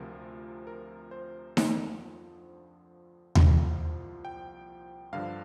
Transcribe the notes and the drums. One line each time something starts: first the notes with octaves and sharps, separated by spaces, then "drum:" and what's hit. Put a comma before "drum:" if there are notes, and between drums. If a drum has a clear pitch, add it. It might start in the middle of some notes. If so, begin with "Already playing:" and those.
Already playing: D2 C3 F3 A#4
A#4
C5
F2 D3 F3, drum: snare D#4
C2 A#2 F3, drum: tom D#2
G5
G2 D3 F3 F5